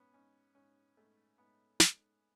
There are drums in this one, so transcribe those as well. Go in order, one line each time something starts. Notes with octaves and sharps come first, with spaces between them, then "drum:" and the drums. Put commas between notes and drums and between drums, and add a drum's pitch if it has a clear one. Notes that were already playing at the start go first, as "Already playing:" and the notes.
Already playing: G#2 B3 C#4
G#2 C#4
G#2 C#4
G#2 A3
G#2 B3
G#2, drum: snare